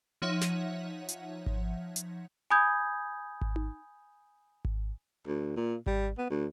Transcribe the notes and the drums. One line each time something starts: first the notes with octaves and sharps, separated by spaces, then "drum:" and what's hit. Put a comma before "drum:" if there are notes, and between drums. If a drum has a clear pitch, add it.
F3 D#4 C#5 E5 F#5 D#7
drum: snare
drum: hi-hat
drum: kick G#1
drum: hi-hat
G#5 B5 D#6 G6 G#6
drum: kick G#1
drum: tom D#4
drum: kick G#1
D2
A#2
G3, drum: kick G#1
B3
D2